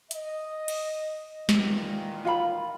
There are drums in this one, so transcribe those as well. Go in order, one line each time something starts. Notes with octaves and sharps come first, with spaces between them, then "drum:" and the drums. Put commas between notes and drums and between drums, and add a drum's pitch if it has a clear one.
D#5, drum: hi-hat
drum: cymbal
A#2 D#3 E3, drum: snare
F4 F#5 B5